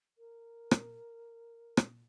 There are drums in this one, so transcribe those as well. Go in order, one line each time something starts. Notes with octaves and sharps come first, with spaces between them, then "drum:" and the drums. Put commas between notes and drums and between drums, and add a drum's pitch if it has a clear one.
A#4
drum: rim click
drum: rim click